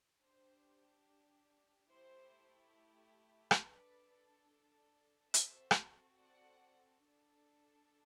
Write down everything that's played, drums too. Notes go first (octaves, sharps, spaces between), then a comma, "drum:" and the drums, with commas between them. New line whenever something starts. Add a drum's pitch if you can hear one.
D4 G4 C5
A3 E4 G4 C5
drum: rim click
D4 A4 B4 D5
C4 F#4 A4 C5 E5, drum: hi-hat
drum: rim click
D5 F#5
D4 A4